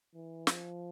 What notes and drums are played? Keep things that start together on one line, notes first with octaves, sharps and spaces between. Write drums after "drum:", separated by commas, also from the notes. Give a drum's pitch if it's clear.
E3
F3, drum: snare